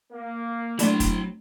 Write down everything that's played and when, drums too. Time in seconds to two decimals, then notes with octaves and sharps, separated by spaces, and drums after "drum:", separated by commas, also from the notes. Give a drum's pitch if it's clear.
0.12 A#3
0.79 F#3 A3 C4 D4 E4 C6, drum: hi-hat
1.00 drum: kick, hi-hat